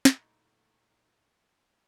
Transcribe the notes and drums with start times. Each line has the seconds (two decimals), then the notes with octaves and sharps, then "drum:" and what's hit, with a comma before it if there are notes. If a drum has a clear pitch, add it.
0.05 A#2 F#3 A3 D#4 E4, drum: snare